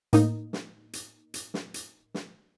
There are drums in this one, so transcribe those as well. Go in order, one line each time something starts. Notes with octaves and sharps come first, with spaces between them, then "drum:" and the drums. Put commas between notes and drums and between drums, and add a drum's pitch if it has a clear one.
A2 A#3 D#4, drum: hi-hat
drum: snare
drum: hi-hat
drum: hi-hat
drum: snare
drum: hi-hat
drum: snare